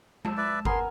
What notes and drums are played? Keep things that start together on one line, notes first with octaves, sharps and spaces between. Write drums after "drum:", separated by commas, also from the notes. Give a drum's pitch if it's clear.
A5 E6, drum: tom G#3
B4 D5 E5
B3 A#4 G#5 C6, drum: kick G1